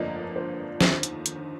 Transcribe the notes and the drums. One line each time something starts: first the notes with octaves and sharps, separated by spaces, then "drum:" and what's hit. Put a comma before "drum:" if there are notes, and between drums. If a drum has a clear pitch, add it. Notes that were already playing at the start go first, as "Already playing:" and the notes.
Already playing: G1 F2 D3 F3 A#3 D5 D#5
C5
D#2 D3 F3 C5, drum: snare
drum: hi-hat
drum: hi-hat